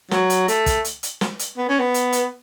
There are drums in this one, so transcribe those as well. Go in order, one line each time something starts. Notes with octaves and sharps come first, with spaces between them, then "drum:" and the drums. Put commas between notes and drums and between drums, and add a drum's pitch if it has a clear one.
F#3, drum: snare
drum: hi-hat
A3, drum: hi-hat
drum: kick, hi-hat
drum: hi-hat
drum: hi-hat
drum: snare
drum: hi-hat
B3
C#4
B3
drum: hi-hat
drum: hi-hat